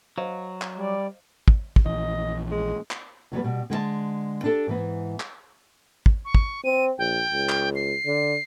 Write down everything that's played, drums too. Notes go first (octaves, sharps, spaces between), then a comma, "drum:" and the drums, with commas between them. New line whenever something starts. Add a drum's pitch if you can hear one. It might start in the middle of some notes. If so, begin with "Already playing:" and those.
F#3 C5 D#5 F5
drum: clap
G3 D5
drum: kick
drum: kick
A#1 E3 D#5
G#3
drum: clap
E2 F#3 G3 B3
B2 G3
D3 G#3 G#4 A5
D4 G4 A4
G#2 E3 B3
drum: clap
drum: kick
C#6
drum: kick
C4 D#7
A#1 G5
C#2
drum: clap
C7
D3